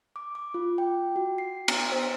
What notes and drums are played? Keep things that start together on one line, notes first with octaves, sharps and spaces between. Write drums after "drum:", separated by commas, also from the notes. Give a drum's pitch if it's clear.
D6
D6
F4
G5
F#4
C7
B3, drum: cymbal
C5